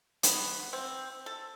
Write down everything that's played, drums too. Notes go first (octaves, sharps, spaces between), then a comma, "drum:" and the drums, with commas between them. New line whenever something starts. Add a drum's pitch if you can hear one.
B3, drum: hi-hat
C4
A4